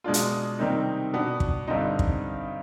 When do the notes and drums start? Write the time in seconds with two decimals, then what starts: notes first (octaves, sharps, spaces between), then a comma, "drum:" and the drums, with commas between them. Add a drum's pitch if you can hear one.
0.04 B2 G#3 D4 F4
0.14 drum: hi-hat
0.59 C3 D#3 G3 C4 D#4
1.13 B2 B3 D4
1.40 drum: kick
1.67 G2 D3 G3 C4 D#4
1.99 drum: kick